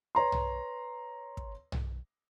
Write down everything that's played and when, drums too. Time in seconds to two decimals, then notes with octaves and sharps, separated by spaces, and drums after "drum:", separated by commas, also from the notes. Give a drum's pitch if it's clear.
0.15 B4 C#5 A#5 C6
0.32 drum: tom B1
1.37 drum: kick
1.72 drum: tom B1